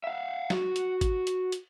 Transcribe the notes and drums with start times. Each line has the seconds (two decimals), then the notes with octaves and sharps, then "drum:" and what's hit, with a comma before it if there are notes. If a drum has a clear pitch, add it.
0.04 E5 F5
0.50 F#4, drum: snare
0.76 drum: hi-hat
1.01 drum: kick, hi-hat
1.27 drum: hi-hat
1.52 drum: hi-hat